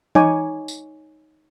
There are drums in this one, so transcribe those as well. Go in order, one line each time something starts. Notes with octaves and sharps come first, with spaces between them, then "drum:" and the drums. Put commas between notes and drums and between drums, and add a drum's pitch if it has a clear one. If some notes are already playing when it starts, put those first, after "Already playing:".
D#4 C#5 G#5 D6, drum: tom E3
drum: tambourine